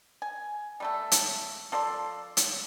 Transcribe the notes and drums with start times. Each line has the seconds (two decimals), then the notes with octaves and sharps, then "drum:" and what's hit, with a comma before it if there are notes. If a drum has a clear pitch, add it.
0.22 G#5
0.80 G3 A3 A4
1.12 drum: hi-hat
1.72 F3 A4 D5 C6
2.37 drum: hi-hat